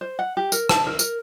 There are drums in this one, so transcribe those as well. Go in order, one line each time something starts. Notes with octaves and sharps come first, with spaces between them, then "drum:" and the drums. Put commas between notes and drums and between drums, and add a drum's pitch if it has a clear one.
C5
F#5
G4
A#4, drum: tambourine
A5, drum: rim click
A#4
A#4, drum: tambourine